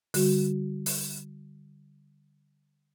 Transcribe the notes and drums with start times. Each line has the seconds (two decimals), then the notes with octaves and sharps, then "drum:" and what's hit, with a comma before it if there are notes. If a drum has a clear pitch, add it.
0.14 D3 G3 F#4, drum: open hi-hat
0.86 drum: open hi-hat